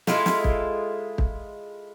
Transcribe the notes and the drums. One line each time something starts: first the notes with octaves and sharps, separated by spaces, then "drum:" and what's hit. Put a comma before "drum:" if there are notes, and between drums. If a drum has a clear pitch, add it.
G#3 E4 F4 A4, drum: snare
drum: snare
drum: kick
drum: kick